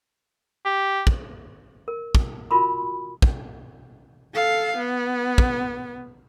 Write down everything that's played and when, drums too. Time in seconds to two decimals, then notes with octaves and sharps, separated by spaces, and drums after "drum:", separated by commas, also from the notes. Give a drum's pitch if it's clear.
0.65 G4
1.07 drum: kick
1.88 A#4
2.15 drum: kick
2.51 F4 F#4 A#4 B5 C6
3.22 drum: kick
4.34 A4 F5
4.77 B3
5.38 drum: kick